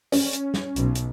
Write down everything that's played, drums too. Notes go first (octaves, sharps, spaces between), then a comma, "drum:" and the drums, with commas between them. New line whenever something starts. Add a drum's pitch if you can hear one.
C#4, drum: open hi-hat
drum: hi-hat
drum: snare
B1, drum: hi-hat
drum: hi-hat